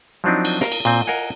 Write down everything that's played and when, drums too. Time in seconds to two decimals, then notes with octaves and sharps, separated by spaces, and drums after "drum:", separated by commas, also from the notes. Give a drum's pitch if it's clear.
0.24 F3 F#3 C4 D4 D#4
0.45 drum: cymbal
0.61 A#4 F5, drum: snare
0.72 drum: cymbal
0.85 A#2 C4, drum: cymbal
1.07 A#4 D#5 F5 F#5 G#5